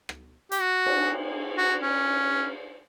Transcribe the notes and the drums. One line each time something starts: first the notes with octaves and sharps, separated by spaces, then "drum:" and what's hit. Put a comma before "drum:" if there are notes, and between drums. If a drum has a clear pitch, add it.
drum: rim click
G4, drum: hi-hat
F#4
drum: cymbal
F#4
C#4